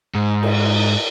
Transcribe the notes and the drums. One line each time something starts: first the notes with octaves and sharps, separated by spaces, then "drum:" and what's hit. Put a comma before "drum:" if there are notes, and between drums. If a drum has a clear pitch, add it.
G#2
drum: cymbal